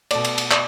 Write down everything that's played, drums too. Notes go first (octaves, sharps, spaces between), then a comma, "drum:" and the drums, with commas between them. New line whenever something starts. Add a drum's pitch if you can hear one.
B2 A3 D5, drum: cymbal
drum: cymbal
drum: cymbal
D5, drum: clap